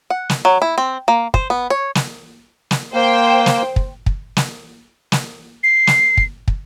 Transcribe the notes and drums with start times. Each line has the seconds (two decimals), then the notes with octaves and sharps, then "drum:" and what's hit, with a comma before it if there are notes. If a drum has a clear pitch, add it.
0.10 F#5
0.29 drum: snare
0.45 F#3
0.62 E4
0.78 C4
1.08 A#3
1.34 C5, drum: kick
1.50 B3
1.70 C#5
1.95 drum: snare
2.71 drum: snare
2.94 A#3 C5 G5
3.46 drum: snare
3.76 drum: kick
4.06 drum: kick
4.37 drum: snare
5.12 drum: snare
5.63 C7
5.87 drum: snare
6.17 drum: kick
6.48 drum: kick